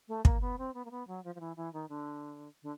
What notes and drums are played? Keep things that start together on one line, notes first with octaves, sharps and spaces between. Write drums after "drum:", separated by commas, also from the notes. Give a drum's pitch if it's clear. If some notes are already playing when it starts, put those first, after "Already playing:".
A3
A#3, drum: kick
B3
C4
B3
A#3
B3
F#3
F3
F3
E3
E3
D#3
D3
D3